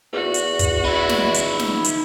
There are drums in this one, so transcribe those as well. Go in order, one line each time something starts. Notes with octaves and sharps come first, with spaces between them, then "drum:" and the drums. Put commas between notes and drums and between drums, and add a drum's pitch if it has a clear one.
E2 F#4
drum: hi-hat
drum: kick, hi-hat
D#4 E5 B5
drum: snare
drum: hi-hat
drum: snare
drum: hi-hat